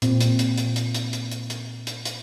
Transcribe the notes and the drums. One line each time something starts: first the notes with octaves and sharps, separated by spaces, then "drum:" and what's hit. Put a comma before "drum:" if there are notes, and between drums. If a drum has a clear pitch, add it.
A#2 C4, drum: hi-hat
drum: hi-hat
drum: hi-hat
drum: hi-hat
drum: hi-hat
drum: hi-hat
drum: hi-hat
drum: hi-hat
drum: hi-hat
drum: hi-hat
drum: hi-hat